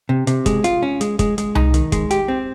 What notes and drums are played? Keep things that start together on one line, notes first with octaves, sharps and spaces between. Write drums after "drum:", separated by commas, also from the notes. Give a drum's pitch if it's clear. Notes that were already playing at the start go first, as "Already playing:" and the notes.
C3
C3, drum: hi-hat
G#3, drum: kick, hi-hat
F4, drum: hi-hat
C#4
G#3, drum: hi-hat
G#3, drum: kick, hi-hat
G#3, drum: hi-hat
D#4, drum: tom C2
D#3, drum: hi-hat
G#3, drum: kick, hi-hat
G4, drum: hi-hat
C4